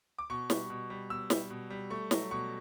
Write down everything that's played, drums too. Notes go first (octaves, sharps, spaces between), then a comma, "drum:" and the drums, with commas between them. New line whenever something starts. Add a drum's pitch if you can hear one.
D6
B2 C#6
G3, drum: snare
B2
G3
B2 E6
G3, drum: snare
B2
G3
A3 C#6
F#3, drum: snare
B2 C#6